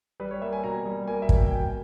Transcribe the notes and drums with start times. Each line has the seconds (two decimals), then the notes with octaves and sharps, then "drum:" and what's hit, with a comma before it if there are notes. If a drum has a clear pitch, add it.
0.20 G3 B4
0.31 C#5
0.41 A#3 E5
0.53 G#5
0.64 B2 A#5
0.85 G3
1.07 A#3 G#5
1.22 E5
1.29 B2, drum: kick
1.36 G5
1.46 G5
1.51 B2 G#5